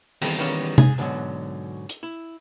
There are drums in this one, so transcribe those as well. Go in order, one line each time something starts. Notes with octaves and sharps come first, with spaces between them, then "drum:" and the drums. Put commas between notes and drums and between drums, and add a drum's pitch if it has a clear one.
D#3 E3 G3 A3 B3 C4, drum: cymbal
D#3 E3 G3 A#3 B3 C#4
G#4, drum: tom C3
G#2 B2 D3 D#3 F#3
drum: hi-hat
E4